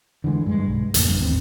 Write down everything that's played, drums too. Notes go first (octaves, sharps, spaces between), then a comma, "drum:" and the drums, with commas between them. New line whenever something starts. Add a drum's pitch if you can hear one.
D3 E3 F3 G#3
G2 G#3
B1
D1 F2 A#3, drum: hi-hat
G1 G2
A1 D#2 C4